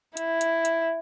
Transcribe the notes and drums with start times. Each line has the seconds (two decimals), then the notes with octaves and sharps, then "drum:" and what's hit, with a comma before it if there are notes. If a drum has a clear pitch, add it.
0.17 E4, drum: hi-hat
0.41 drum: hi-hat
0.65 drum: hi-hat